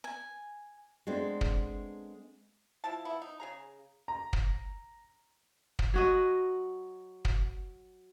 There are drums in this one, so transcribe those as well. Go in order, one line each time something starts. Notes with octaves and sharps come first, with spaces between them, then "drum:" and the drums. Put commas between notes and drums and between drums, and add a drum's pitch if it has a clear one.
G#5
G#3 A3 B3 C4 D4
drum: kick
F3 E4 A5
B3 E4
D#4
C#3 G#4 A#5
A#5
drum: kick
drum: kick
F#3 F#4 D#5
drum: kick